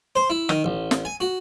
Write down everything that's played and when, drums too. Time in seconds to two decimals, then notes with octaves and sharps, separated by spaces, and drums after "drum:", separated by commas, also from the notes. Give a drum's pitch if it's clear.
0.16 C5
0.30 E4
0.49 D#3, drum: rim click
0.64 A1
0.91 drum: snare
1.05 G#5
1.20 F#4